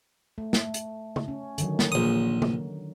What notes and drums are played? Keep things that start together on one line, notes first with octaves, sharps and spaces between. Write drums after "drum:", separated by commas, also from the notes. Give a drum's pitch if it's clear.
A3
drum: snare
drum: hi-hat
drum: tom
C#4
D3 D#3 F#3, drum: hi-hat
drum: snare
A#1 D#6
drum: tom